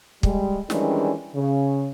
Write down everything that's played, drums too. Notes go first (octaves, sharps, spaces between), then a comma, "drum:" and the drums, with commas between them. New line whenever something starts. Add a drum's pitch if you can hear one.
G3 G#3, drum: kick
D#3 E3 G3 G#3 C#4 D4, drum: snare
C#3